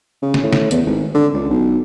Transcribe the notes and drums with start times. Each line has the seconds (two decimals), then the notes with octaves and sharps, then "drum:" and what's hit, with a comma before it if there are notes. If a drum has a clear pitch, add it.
0.22 C#3
0.34 drum: snare
0.43 A2
0.53 drum: snare
0.71 E2, drum: hi-hat
0.86 G#1
1.15 D3
1.34 C#2
1.49 B1